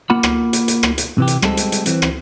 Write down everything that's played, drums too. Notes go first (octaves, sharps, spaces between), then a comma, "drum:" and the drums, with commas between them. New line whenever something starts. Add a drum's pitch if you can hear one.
A#3 F4 F#5 B5
drum: rim click
drum: hi-hat
drum: hi-hat
drum: rim click
drum: hi-hat
C3 E3 G4
drum: hi-hat
G3 G#3 C4 A4, drum: rim click
drum: hi-hat
drum: hi-hat
E3 C4, drum: hi-hat
drum: rim click